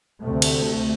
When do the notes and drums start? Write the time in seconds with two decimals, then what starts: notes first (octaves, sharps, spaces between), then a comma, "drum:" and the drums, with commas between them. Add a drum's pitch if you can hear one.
0.21 D2 C3 A3
0.42 drum: cymbal